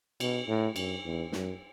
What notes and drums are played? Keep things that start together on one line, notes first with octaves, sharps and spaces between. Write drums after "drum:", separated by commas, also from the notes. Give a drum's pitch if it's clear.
B2, drum: cymbal
A2
F#2, drum: cymbal
E2
F#2, drum: snare